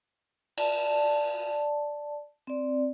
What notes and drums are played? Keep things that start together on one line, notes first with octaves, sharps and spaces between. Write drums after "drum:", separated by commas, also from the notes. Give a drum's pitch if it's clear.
D5 A5, drum: cymbal
C4 D5